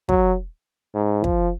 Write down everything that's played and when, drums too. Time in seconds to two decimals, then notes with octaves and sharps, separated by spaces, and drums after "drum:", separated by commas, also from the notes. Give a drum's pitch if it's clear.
0.09 F#3, drum: kick
0.95 G#2
1.24 F3, drum: kick